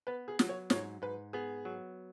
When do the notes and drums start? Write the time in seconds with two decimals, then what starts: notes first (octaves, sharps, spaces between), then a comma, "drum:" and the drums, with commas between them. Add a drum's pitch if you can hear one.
0.07 B3 B4
0.28 G#4
0.39 F#3, drum: snare
0.49 C#5
0.70 G#2 C#5, drum: snare
1.02 G#2 B4
1.33 B3 G#4
1.65 F#3